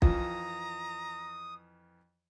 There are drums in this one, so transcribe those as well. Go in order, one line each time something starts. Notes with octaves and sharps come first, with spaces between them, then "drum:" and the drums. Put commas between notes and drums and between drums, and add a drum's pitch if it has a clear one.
F2 E3 F3 F4 A#5 D#6, drum: kick B1